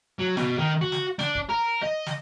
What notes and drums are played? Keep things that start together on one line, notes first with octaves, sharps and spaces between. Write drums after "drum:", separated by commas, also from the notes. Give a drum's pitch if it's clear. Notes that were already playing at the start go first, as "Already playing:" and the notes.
F#3
B2, drum: snare
D#3
F#4
drum: snare
D4, drum: snare
drum: kick
A#4
D#5
drum: snare